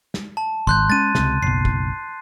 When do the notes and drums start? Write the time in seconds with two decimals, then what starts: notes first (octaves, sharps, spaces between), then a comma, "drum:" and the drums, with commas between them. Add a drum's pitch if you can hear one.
0.14 drum: snare
0.37 A5
0.67 G#1 C6 F#6 G6, drum: kick
0.90 G#3 C#4 A6 D#7
1.15 C#2 C3, drum: snare
1.43 F#1 B1 C7
1.65 drum: kick